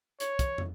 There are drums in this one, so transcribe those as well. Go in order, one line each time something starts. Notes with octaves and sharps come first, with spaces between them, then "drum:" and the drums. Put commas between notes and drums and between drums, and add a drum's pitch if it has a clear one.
C#5, drum: hi-hat
drum: kick, hi-hat
drum: tom